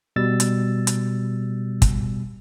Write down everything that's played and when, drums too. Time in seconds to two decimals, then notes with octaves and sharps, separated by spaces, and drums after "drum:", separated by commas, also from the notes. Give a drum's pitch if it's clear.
0.16 B2 G3 E6 A6
0.40 drum: hi-hat
0.87 drum: hi-hat
1.82 drum: kick, hi-hat